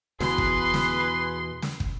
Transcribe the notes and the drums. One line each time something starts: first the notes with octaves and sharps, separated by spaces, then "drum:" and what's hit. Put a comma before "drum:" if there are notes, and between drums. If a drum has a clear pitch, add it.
E2 B2 G#4 B4 C6 C7, drum: snare
drum: kick
drum: snare
drum: snare
drum: kick